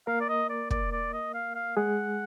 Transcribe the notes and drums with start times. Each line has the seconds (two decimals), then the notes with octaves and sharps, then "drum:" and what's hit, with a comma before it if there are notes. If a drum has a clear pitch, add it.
0.07 A#3 A#4 F5
0.21 D5
0.29 D#5
0.50 D5
0.71 D5, drum: kick
0.92 D5
1.13 D#5
1.34 F5
1.55 F5
1.77 G#3 G#4 F#5